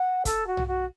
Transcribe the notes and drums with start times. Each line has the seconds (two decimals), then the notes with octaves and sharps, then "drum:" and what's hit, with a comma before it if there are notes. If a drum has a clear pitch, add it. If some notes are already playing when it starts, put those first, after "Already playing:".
Already playing: F#5
0.25 A4, drum: kick, hi-hat
0.47 F#4
0.57 drum: tom
0.67 F#4